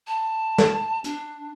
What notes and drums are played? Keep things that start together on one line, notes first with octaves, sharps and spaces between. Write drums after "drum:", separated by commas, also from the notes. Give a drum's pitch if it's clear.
A5
drum: snare
D4, drum: hi-hat